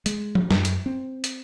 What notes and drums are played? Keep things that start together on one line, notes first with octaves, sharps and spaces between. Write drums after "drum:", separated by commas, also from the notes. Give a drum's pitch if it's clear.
G#3, drum: hi-hat
drum: tom F3
F#2, drum: snare
drum: hi-hat
C4
drum: hi-hat